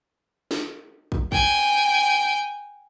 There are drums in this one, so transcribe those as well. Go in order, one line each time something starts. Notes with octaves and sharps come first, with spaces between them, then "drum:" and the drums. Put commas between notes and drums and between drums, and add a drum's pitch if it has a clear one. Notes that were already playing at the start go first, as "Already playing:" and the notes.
drum: snare
drum: kick
G5 G#5, drum: kick